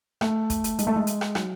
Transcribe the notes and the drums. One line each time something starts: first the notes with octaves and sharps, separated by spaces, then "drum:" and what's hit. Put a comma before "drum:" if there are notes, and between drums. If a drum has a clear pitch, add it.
A3, drum: rim click
drum: kick, hi-hat
drum: hi-hat
G#3, drum: hi-hat
A3
G#3
drum: hi-hat
drum: rim click
F#3, drum: rim click